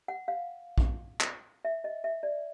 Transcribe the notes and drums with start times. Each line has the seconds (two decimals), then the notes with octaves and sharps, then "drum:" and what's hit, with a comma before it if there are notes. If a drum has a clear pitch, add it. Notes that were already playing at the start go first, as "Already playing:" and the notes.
0.08 F#5
0.28 F5
0.78 drum: kick
1.21 drum: clap
1.65 E5
1.84 D#5
2.04 E5
2.23 D5